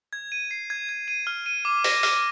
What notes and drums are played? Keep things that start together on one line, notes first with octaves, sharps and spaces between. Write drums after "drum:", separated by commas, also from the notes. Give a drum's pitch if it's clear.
G#6
D#7
C7
G#6
G#6
D#7
F6
D#7
D6
A#6, drum: open hi-hat
F6, drum: open hi-hat